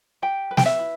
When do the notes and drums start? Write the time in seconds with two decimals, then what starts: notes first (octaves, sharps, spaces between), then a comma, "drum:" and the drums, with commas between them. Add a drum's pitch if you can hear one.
0.22 G4 G5
0.51 B4
0.57 G5, drum: snare
0.66 E5
0.79 E4